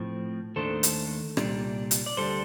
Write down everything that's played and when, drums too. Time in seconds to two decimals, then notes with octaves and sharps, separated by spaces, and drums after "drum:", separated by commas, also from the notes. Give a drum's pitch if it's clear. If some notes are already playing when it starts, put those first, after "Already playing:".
Already playing: A2 F3 C4
0.56 D#2 D#3 A3 D4 A4 C5
0.83 drum: hi-hat
1.37 C2 A#2 G3 D4, drum: rim click
1.91 drum: hi-hat
2.06 D5
2.17 D2 D3 G3 A4 C5